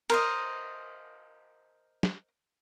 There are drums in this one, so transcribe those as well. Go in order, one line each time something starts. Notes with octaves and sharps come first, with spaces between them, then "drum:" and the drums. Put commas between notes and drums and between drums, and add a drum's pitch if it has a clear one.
A#4 C5 D#5, drum: cymbal
drum: snare